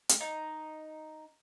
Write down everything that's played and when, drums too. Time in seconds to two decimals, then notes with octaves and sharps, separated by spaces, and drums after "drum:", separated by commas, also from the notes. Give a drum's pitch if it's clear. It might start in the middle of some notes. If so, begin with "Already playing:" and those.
0.09 drum: hi-hat
0.21 D#4